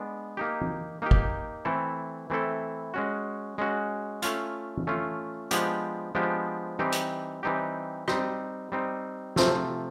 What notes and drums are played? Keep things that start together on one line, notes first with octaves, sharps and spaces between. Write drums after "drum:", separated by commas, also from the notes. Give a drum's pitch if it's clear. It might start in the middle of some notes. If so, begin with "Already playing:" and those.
Already playing: G#3 B3 D4
A#3 D#4 G4
drum: tom
A#3 D#4 G4
drum: kick
E3 A3 C4 E4 A4
E3 A3 C4 E4 A4
G#3 C#4 F#4
G#3 C#4 F#4
A3 C#4 F4, drum: hi-hat
drum: tom
A3 C#4 F4
F3 G#3 B3 D4 G4, drum: hi-hat
F3 G#3 B3 D4 G4
E3 G3 C4 D#4 G4
drum: hi-hat
E3 G3 C4 D#4 G4
G3 C4 D#4, drum: rim click
G3 C4 D#4
C3 F3 A3, drum: snare